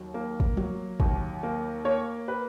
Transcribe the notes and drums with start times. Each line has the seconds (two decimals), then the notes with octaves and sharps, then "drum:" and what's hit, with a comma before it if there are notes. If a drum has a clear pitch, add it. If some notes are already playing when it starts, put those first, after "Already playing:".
Already playing: D#2 F#3
0.14 A#3
0.40 drum: kick
0.57 F#3, drum: tom F3
1.00 D#2, drum: kick
1.43 A#3
1.85 A#3 C#5
2.28 B4